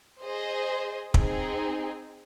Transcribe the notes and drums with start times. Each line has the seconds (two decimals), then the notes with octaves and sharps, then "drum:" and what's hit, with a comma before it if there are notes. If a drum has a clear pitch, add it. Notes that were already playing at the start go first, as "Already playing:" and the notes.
0.22 G#4 C5 D#5
1.14 C4 D#4 G#4, drum: kick